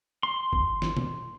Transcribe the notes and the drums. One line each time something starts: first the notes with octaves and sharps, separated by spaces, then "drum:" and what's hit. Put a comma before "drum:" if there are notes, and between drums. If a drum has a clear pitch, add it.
C6
drum: kick G1
drum: snare
drum: tom B2